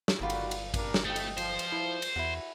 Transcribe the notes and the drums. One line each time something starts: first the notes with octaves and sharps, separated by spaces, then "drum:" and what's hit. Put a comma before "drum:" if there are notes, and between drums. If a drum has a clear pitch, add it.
drum: snare
G1 D#3 G3 F4 F#4 D5 B5
drum: cymbal
drum: cymbal
G3 D4 A#4, drum: kick, cymbal
drum: snare
F2 A3 D#5 G5
drum: cymbal
F3 C5, drum: cymbal
drum: cymbal
E4
drum: cymbal
E2 E4 F#4